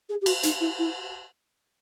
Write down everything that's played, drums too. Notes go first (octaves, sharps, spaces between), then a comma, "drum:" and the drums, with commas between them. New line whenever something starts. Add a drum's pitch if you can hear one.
G#4
G4
F#4, drum: cymbal
D#4, drum: hi-hat
E4
E4